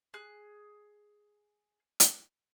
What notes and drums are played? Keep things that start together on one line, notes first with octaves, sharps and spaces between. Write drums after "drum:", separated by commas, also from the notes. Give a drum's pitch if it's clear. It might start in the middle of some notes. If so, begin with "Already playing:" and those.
G#4 F#6
drum: hi-hat